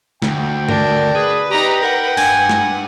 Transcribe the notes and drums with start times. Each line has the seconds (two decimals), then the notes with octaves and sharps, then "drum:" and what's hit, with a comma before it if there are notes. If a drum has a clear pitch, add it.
0.22 D2 G5, drum: snare
0.69 D4 A#4, drum: tom
1.15 G#4 B4
1.50 D#4 G4 G5 A#5
1.82 A#4 F#5
2.17 G2 G#5, drum: open hi-hat
2.49 drum: snare